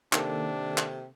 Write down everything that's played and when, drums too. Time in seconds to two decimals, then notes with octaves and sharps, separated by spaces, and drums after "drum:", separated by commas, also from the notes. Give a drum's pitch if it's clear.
0.13 C3 D#3 A#3 D4 A4, drum: clap
0.78 drum: clap